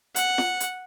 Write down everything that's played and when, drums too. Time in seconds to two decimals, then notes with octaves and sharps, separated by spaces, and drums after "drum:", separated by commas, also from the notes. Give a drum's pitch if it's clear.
0.16 F#5, drum: hi-hat
0.38 drum: snare
0.60 drum: hi-hat